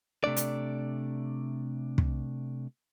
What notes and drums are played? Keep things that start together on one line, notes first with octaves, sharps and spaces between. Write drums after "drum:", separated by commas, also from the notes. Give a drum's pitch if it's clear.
C3 A3 D4 D5
drum: hi-hat
drum: kick